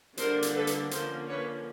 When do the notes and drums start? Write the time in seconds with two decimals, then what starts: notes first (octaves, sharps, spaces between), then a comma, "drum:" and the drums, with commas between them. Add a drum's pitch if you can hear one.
0.17 D3 G3 A#3 D4 A#4 C5, drum: hi-hat
0.42 drum: hi-hat
0.54 A4 B4
0.67 drum: hi-hat
0.91 D3 F3 A#3 C#4 A#4 C5, drum: hi-hat
1.29 B4 C#5